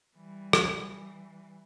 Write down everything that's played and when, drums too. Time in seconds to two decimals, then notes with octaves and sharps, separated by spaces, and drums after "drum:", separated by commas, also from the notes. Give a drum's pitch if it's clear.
0.16 E3 G3
0.53 drum: rim click